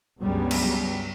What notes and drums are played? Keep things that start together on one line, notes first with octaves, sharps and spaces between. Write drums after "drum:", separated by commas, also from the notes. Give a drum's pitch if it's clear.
C#2 G2 C#3 F#3 G3 B3
drum: cymbal